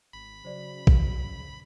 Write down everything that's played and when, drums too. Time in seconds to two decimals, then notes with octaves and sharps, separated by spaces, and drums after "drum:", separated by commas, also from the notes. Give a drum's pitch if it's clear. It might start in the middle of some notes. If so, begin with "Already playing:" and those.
0.13 G#1 B5
0.45 C#3 F#3 C5 D5
0.87 drum: kick